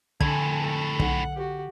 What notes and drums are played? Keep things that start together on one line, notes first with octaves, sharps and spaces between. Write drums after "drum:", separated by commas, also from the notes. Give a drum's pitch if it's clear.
F2 A2 D3 A4 G#5 G#6, drum: kick
A4
B1 F#5, drum: kick
F#4 G4